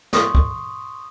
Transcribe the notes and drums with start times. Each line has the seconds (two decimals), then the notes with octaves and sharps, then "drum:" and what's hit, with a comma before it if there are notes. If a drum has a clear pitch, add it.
0.13 C6 C#6 D#6, drum: snare
0.35 drum: kick